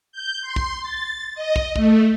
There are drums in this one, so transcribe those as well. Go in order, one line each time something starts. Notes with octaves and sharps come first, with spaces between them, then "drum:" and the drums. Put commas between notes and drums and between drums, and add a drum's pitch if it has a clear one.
G6
C6
drum: kick
A6
D#5
drum: kick
A3, drum: kick